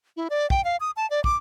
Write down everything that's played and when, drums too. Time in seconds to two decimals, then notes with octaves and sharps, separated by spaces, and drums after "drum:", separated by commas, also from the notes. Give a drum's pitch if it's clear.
0.17 E4
0.30 D5
0.50 G5, drum: kick
0.64 F5
0.80 D#6
0.97 A5
1.10 D5
1.24 D6, drum: kick